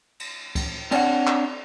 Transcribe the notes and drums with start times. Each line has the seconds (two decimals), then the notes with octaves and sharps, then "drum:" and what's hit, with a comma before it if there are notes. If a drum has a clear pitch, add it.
0.19 drum: cymbal
0.55 drum: kick C#2, cymbal
0.91 C4 D4 C#5 E5 F#5, drum: cymbal
1.27 drum: clap